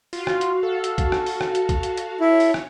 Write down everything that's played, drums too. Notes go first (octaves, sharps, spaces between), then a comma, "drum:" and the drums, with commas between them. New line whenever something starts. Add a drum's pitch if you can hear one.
F4 F#4 F5, drum: open hi-hat
drum: rim click
drum: hi-hat
A4
drum: hi-hat
drum: kick, hi-hat
drum: rim click
drum: open hi-hat
drum: rim click
drum: hi-hat
drum: kick, hi-hat
drum: hi-hat
drum: hi-hat
E4 C#5
drum: open hi-hat
drum: rim click